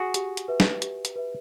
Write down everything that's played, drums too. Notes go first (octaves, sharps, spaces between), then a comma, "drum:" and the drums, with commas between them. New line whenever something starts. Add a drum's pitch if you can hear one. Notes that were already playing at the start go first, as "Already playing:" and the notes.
Already playing: F#4 G#4
G4, drum: hi-hat
drum: hi-hat
B4 E5
drum: snare
G4, drum: hi-hat
drum: hi-hat
B4 E5